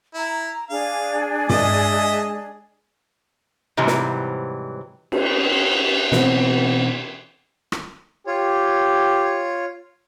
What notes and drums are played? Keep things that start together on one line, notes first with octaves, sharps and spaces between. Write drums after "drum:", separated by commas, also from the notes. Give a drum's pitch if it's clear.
E4 A#5
D4 G#4 F5
G#3 D#5 E5 D#6, drum: tom
G#2 C3 E3 F#3 G3
drum: snare
drum: cymbal
B2 E3 B3 C4, drum: snare
drum: rim click
F4 G4 C#5